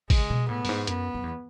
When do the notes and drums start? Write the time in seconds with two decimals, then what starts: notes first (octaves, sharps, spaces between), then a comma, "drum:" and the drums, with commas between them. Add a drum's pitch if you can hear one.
0.10 C#3 G#3, drum: kick G#1, open hi-hat
0.30 B2
0.49 A2 B3
0.65 F#2, drum: open hi-hat
0.69 G#2
0.87 F#2 B3, drum: hi-hat
1.15 F#2
1.23 E2